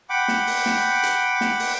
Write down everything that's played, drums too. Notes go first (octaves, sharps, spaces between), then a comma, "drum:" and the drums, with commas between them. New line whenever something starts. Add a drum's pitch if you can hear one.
F#5 G5 B5 D6
drum: snare
drum: open hi-hat
drum: snare
drum: hi-hat
drum: snare
drum: open hi-hat